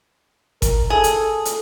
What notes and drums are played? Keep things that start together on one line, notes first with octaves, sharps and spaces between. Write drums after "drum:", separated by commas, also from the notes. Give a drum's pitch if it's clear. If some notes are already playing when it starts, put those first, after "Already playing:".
A#4, drum: kick G1, hi-hat
G#4 A4
drum: hi-hat
drum: hi-hat